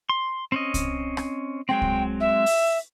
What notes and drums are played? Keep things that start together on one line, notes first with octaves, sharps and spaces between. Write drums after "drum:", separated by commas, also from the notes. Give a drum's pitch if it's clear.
C6
C4 C#4 D#5
drum: kick C2, hi-hat
drum: rim click
F#3 G#3 C4 G5
drum: kick C2
E5
drum: open hi-hat